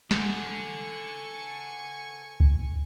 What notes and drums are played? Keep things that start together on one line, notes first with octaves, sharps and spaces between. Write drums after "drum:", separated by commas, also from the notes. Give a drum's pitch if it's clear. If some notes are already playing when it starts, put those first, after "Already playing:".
A4 F#5 G#5 C#6, drum: snare
drum: kick C#2